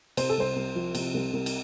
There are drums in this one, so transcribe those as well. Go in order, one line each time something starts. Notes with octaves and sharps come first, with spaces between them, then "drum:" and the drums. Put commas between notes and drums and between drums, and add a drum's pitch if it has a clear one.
C3 C5, drum: cymbal
A4
C2 C5
C2
F3
C3, drum: cymbal
C2
C2
drum: cymbal